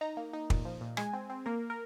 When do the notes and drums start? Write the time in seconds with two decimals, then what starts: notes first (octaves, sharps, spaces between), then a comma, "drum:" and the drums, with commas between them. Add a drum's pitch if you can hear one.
0.01 D#4 A#5
0.17 A#3
0.33 D#4
0.50 A#2, drum: kick
0.65 F3
0.81 A#2
0.97 G#3 G#5, drum: rim click
1.13 C4
1.30 C4
1.46 A#3 A#4
1.70 A#4